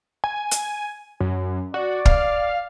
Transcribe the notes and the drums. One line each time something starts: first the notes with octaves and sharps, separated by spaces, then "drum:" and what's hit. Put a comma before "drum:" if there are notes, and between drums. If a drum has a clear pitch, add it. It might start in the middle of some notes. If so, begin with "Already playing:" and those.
G#5
drum: hi-hat
F#2
F#4 D5
F5, drum: kick